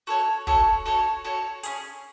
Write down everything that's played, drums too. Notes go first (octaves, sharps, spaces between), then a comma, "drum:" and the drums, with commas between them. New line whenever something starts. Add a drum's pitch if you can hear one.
F#4 A4 C#5
F#4 A4 C#5, drum: kick
F#4 A4 C#5
F#4 A4 C#5
C#4 E4 G#4, drum: hi-hat